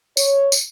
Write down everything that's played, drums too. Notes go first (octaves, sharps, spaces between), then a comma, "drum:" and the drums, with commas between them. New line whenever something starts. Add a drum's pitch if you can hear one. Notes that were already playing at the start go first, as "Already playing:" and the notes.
C#5, drum: tambourine
drum: tambourine